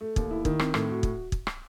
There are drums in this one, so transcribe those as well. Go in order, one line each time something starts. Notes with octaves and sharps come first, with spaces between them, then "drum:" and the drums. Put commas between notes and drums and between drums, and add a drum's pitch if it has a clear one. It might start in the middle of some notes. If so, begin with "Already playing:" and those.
A3
D#2, drum: kick
E4
D#3, drum: kick
C4, drum: rim click
A2, drum: rim click
F#4
drum: kick
drum: kick
drum: rim click